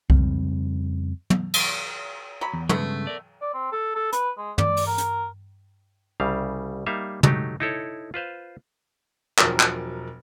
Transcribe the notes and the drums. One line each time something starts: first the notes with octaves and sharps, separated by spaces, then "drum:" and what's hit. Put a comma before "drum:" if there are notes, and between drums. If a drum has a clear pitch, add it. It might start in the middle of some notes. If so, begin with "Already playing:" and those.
F2 C#3 G3 C4, drum: kick C2
drum: tom
drum: cymbal
F#3 B5
E2
G2 C#3 G#3 A3 B3, drum: tom
A#4 D5
D5
C4
A4
A4
B4, drum: hi-hat
G#3
D5, drum: tom
drum: open hi-hat
A#4
drum: hi-hat
C2 C#3 G3 F5
G3 A#3 D#4 E5 F5
F#3 A3 D#4 G4, drum: tom
D#4 E4 A4 C#5
F4 B4 C5 F5
E1 F3 F#3 A#4, drum: clap
drum: clap